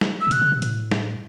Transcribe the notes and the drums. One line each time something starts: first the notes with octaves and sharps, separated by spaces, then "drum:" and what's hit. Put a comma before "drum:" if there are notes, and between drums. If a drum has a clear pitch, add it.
drum: snare
E6
A2
B2 F#6, drum: hi-hat
C#3
B2
A2, drum: hi-hat
drum: snare